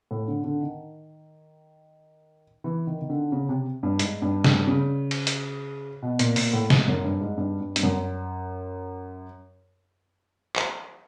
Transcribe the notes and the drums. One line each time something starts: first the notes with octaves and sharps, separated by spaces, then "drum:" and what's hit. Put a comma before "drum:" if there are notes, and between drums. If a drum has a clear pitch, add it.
A2
D3
D3
D#3
E3
D#3
D#3
D3
C#3
C3
G2
G#2, drum: hi-hat
G2
G2, drum: snare
C#3
drum: cymbal
drum: hi-hat
B2
A#2, drum: hi-hat
A#2, drum: open hi-hat
A2
G#2, drum: snare
F#2
G2
G#2
G2
G2
G2, drum: hi-hat
F#2
drum: clap